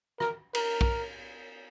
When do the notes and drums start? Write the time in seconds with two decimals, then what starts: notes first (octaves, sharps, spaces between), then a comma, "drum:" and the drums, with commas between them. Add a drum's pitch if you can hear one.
0.20 A#4, drum: rim click
0.55 A#4, drum: cymbal
0.81 drum: kick